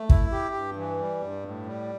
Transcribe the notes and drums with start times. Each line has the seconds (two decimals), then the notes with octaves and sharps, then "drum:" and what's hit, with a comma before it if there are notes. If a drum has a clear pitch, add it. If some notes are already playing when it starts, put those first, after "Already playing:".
Already playing: A3
0.09 E4, drum: kick
0.32 G4
0.54 G2
0.76 E3
0.98 G3
1.22 G2
1.43 A2
1.66 G3